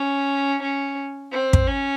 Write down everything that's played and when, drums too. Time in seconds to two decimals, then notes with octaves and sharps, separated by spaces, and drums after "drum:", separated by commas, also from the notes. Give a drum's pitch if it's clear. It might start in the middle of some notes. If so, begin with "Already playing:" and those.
Already playing: C#4
0.62 C#4
1.32 C4
1.53 drum: kick
1.67 C#4